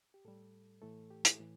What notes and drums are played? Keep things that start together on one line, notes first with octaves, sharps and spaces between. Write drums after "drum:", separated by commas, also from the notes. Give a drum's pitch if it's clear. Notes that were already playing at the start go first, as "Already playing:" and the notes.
G4
A2 G3 A4
A2 E3 A3 A4
G4
E4, drum: hi-hat
A2 E3